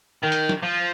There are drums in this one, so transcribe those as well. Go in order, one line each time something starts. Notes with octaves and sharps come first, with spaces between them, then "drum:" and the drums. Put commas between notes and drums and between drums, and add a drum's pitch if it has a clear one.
D#3
drum: hi-hat
drum: snare
F3